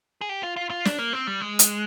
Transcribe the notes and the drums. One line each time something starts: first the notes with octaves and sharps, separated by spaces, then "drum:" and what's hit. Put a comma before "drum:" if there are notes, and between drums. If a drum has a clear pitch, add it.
G#4
G4
F4
F4
F4
D4, drum: snare
A#3
C4
G3
G#3
drum: hi-hat